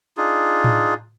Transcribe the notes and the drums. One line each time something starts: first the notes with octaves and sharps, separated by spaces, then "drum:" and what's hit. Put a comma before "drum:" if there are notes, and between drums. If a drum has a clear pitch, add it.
D4 D#4 F4 G#4
drum: tom A2